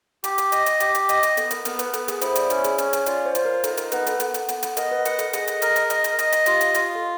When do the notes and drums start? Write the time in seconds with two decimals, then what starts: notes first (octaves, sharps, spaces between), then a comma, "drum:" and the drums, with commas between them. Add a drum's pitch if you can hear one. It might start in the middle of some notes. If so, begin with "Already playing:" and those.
0.24 G4, drum: hi-hat
0.38 drum: hi-hat
0.52 D#5, drum: hi-hat
0.66 drum: hi-hat
0.80 G4, drum: hi-hat
0.95 drum: hi-hat
1.09 D#5, drum: hi-hat
1.23 drum: hi-hat
1.37 B3 A4, drum: hi-hat
1.51 A#4, drum: hi-hat
1.65 B3 A#4, drum: hi-hat
1.79 B4, drum: hi-hat
1.93 B3 A4, drum: hi-hat
2.08 G#4, drum: hi-hat
2.21 E4 C5, drum: hi-hat
2.35 D5, drum: hi-hat
2.50 C#4 C#5, drum: hi-hat
2.64 G#4, drum: hi-hat
2.78 C#4 C#5, drum: hi-hat
2.93 C#5, drum: hi-hat
3.06 F4 D5, drum: hi-hat
3.25 C5
3.35 F4, drum: hi-hat
3.45 A#4
3.64 D#4 A4, drum: hi-hat
3.77 A#4, drum: hi-hat
3.92 B3 B4, drum: hi-hat
4.07 A4, drum: hi-hat
4.20 B3 A4, drum: hi-hat
4.34 drum: hi-hat
4.49 B3, drum: hi-hat
4.63 drum: hi-hat
4.77 A#4 D#5, drum: hi-hat
4.91 B4
5.05 A#4 F#5, drum: hi-hat
5.19 A4, drum: hi-hat
5.33 G#4 D#5, drum: hi-hat
5.47 drum: hi-hat
5.62 A#4, drum: hi-hat
5.76 drum: hi-hat
5.90 D#5, drum: hi-hat
6.04 drum: hi-hat
6.19 D#5, drum: hi-hat
6.32 drum: hi-hat
6.46 F4 G4, drum: hi-hat
6.61 drum: hi-hat
6.75 F4, drum: hi-hat
6.95 A4